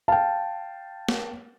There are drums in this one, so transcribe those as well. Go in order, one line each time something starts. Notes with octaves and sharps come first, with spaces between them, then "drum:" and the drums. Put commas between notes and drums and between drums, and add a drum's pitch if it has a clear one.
F5 G5 A5
drum: snare